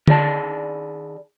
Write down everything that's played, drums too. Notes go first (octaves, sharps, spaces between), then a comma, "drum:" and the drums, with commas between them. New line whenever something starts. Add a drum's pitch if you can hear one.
D#3 G#4 D5 A5, drum: tom D3